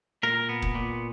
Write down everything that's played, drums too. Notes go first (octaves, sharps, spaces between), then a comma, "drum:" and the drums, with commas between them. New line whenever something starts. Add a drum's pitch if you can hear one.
A#2 A#4
B3
drum: kick
A#2